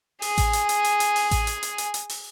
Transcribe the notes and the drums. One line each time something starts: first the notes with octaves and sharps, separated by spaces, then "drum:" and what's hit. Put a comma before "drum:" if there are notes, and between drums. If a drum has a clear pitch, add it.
G#4 G#5, drum: open hi-hat
drum: kick A1, hi-hat
drum: hi-hat
drum: hi-hat
drum: hi-hat
drum: hi-hat
drum: open hi-hat
drum: kick A1, hi-hat
drum: hi-hat
drum: hi-hat
drum: hi-hat
drum: hi-hat
drum: open hi-hat